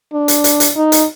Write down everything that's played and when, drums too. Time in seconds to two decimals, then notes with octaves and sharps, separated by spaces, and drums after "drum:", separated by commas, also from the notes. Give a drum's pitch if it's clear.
0.12 D4
0.28 drum: hi-hat
0.44 drum: hi-hat
0.60 drum: hi-hat
0.76 D#4
0.92 drum: hi-hat